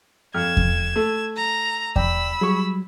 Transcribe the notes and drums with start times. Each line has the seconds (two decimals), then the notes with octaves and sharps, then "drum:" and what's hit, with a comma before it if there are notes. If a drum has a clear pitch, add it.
0.34 F2 F6 G#6 E7
0.57 drum: kick E2
0.96 A3
1.37 A#5
1.96 D5 G5 B5 E6, drum: kick E2
2.41 F#3 G3 G#4 C#6